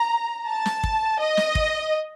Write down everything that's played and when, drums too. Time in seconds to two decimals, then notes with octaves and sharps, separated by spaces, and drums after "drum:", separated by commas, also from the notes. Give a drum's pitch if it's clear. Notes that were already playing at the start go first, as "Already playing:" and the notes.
Already playing: A#5
0.48 A5
0.66 drum: snare
0.83 drum: kick
1.20 D#5
1.37 drum: snare
1.55 drum: kick